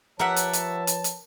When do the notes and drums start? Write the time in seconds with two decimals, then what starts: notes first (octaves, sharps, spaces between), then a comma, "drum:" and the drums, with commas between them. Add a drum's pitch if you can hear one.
0.19 F3 G4 A#4 B4 C#5 E5 F#5 A5
0.36 drum: hi-hat
0.53 drum: hi-hat
0.87 drum: hi-hat
1.04 drum: hi-hat